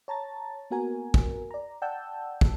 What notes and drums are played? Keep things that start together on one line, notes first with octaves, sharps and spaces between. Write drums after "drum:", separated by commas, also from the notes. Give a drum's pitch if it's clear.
C#5 A5 A#5 A6
A#3 B3 F#4 A#4 G#5
drum: kick
D5 A#5
D5 F#5 G5 A5 E6 G6
drum: kick